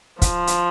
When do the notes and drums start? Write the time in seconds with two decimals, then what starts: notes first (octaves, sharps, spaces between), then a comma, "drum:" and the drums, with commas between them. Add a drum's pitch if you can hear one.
0.22 F3, drum: kick, hi-hat
0.47 drum: hi-hat